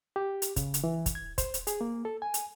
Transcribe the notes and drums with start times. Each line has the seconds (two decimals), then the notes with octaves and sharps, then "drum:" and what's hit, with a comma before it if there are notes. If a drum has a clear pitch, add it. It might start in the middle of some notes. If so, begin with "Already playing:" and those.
0.16 G4
0.42 drum: hi-hat
0.56 C#3, drum: kick, hi-hat
0.74 drum: hi-hat
0.84 E3
1.06 drum: kick, hi-hat
1.15 G#6
1.38 C5, drum: kick, hi-hat
1.54 drum: hi-hat
1.67 G#4, drum: hi-hat
1.81 A#3
2.05 A4
2.22 G#5
2.34 drum: hi-hat